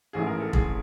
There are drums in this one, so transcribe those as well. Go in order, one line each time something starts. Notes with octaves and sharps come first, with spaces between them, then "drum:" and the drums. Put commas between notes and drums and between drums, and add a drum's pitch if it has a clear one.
A1 G#2 E3 A3 G#4
A#4
A4
G#4, drum: kick